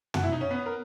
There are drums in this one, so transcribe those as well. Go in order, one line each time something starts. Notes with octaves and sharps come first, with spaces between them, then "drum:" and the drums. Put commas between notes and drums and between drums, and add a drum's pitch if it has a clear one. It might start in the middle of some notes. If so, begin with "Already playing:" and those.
F#4, drum: tom
E4
D#4
C#4
B3
A#4